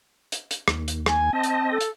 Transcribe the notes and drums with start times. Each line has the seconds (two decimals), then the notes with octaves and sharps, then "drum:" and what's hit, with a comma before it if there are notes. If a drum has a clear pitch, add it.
0.32 drum: hi-hat
0.51 drum: hi-hat
0.68 D#2, drum: rim click
0.88 drum: hi-hat
1.06 G#5, drum: rim click
1.33 C4 D#5 A5
1.43 drum: hi-hat
1.70 A4
1.81 drum: hi-hat